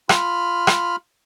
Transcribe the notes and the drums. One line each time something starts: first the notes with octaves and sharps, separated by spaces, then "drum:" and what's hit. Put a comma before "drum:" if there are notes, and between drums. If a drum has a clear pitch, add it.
F4 B5 F6, drum: rim click
drum: rim click